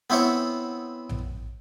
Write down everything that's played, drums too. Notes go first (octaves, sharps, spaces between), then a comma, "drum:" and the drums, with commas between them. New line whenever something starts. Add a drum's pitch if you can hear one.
B3 C4 E4 C#5
drum: tom A#1